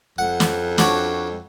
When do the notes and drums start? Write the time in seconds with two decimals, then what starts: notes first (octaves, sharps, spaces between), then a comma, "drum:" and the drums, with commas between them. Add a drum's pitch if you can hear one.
0.18 F2 F#5
0.40 drum: snare
0.78 D4 F#4 C#5, drum: snare